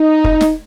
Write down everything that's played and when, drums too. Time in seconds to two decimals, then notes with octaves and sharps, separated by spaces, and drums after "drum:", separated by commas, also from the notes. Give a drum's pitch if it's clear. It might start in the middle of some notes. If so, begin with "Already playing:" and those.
Already playing: D#4
0.24 drum: kick
0.41 drum: snare